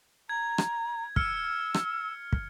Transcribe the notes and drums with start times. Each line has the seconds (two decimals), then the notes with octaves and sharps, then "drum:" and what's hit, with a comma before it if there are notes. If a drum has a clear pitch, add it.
0.29 A#5 G#6
0.58 drum: rim click
1.16 E6 F6 C#7, drum: kick
1.74 drum: rim click
2.33 drum: kick